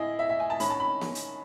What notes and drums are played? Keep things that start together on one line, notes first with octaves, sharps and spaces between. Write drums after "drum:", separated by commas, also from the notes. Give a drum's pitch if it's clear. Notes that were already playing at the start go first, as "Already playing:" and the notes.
Already playing: A2 E4 G#4 D#5
E5
E5
G#5
A5
D#3 G#3 C#4 B5, drum: hi-hat
A5
B5
drum: snare B3
drum: hi-hat